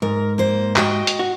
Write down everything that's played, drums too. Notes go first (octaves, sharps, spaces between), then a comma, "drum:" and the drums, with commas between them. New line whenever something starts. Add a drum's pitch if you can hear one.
G#2 A#4
A#3 C5
F#4 D#5 G5, drum: clap
drum: hi-hat
F#4